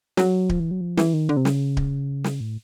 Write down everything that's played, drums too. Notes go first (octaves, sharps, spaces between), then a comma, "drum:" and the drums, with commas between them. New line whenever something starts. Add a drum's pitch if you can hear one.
F#3, drum: snare
F3, drum: kick D1
E3
F#3
F3
E3, drum: snare
D#3
D3
C3
C#3, drum: snare
drum: kick D1
drum: snare
A2